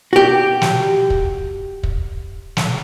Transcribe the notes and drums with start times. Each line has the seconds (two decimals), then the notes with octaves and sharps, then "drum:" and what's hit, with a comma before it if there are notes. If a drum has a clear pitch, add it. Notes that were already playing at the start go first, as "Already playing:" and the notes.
0.13 F#4 G4
0.61 drum: snare
1.10 drum: kick
1.83 drum: kick
2.57 drum: snare